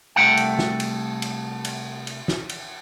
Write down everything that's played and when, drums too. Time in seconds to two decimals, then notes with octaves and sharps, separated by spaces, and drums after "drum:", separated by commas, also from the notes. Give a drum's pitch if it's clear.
0.16 C2 F3 A3 F#5 G5
0.37 drum: cymbal
0.59 drum: snare
0.80 drum: cymbal
1.22 drum: cymbal
1.65 drum: cymbal
2.07 drum: cymbal
2.28 drum: snare
2.49 drum: cymbal